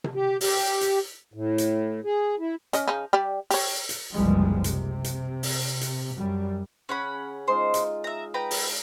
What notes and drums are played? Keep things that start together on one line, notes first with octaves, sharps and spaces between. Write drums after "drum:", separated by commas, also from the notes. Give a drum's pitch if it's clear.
drum: tom C3
G4
G4, drum: open hi-hat
drum: hi-hat
A2
drum: hi-hat
G#4
E4
C#4 D#5, drum: hi-hat
C#3 D#4
G3 G4 D5
G4 C#5, drum: open hi-hat
drum: hi-hat
F#1 C2 E3 F3 G3 G#3
C3, drum: hi-hat
drum: hi-hat
drum: open hi-hat
drum: hi-hat
F#2 G3
C#3 C#4 F#5 B5
G#3 D#4 F4 C5
drum: hi-hat
E5 A#5
B4 G5 A#5
drum: open hi-hat